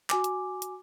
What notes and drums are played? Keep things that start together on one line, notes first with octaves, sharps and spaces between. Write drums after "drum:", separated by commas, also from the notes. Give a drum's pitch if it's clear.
F#4 G#5 D6, drum: clap
drum: hi-hat
drum: hi-hat